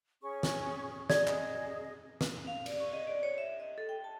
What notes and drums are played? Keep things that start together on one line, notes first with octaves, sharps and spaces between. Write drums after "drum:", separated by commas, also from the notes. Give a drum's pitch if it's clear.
C#4 G#4 C#6
drum: snare
G#4 D5 D#5, drum: snare
drum: clap
drum: snare
F5
D5, drum: cymbal
C#6
D#5
D5
C#5
E5
D#5
A4
G5
A5